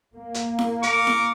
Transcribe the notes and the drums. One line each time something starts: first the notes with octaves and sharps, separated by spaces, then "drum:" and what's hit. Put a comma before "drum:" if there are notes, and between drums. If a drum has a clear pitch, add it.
A#3
drum: hi-hat
drum: snare E4
A#4 C#6 D6, drum: hi-hat
drum: snare E4